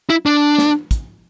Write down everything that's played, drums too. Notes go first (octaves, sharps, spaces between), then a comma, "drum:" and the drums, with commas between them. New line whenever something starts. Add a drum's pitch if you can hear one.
E4
D4
drum: snare
drum: kick, hi-hat